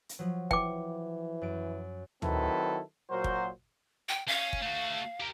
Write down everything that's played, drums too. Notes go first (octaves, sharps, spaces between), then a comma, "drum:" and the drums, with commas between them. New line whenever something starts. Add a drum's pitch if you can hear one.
drum: hi-hat
F3 F#3
E3 G5 D6, drum: kick
F#2 D7
D#3 F#3 C4 E4 A4 B4, drum: tom
A#2 F#3 F#4 A#4 C5
drum: kick
G5
C#4 F5
drum: kick
A3 F#4
G4 A#4